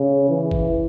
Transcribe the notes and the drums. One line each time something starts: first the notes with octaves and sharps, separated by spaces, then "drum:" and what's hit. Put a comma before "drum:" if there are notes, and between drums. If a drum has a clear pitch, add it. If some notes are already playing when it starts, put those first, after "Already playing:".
Already playing: C#3
E3
drum: kick